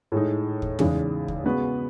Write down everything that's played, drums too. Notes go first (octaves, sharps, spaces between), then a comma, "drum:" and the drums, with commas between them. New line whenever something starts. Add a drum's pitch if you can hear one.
A2 G#3 D#4
drum: kick
E2 C#3 G#3 D#4, drum: tom
drum: kick
C#3 G#3 B3 F#4 B4